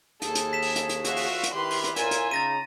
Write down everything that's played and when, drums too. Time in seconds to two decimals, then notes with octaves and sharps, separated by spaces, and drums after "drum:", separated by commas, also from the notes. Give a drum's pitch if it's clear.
0.22 D#2 G#4 A4, drum: hi-hat
0.35 drum: hi-hat
0.53 B6 E7
0.62 drum: open hi-hat
0.76 drum: hi-hat
0.89 drum: hi-hat
1.04 F3 F4 F#4 E5 F5, drum: hi-hat
1.16 drum: open hi-hat
1.43 drum: hi-hat
1.53 D#3 E4 G4 B4 C6
1.70 drum: open hi-hat
1.84 drum: hi-hat
1.96 A2 F4 A#4 D5 E5 G#5, drum: hi-hat
2.11 drum: hi-hat
2.31 C#3 D#4 A#5 A6 A#6 D#7